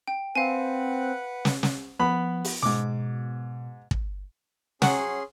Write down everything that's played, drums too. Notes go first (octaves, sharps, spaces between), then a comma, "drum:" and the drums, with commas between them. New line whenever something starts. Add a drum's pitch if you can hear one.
G5
C4 B4 F5 F#5 G#5
drum: snare
drum: snare
F3 B3 B5
drum: open hi-hat
G#2 B2 D6
drum: kick
F#3 C#4 G#4 F#5 C6, drum: snare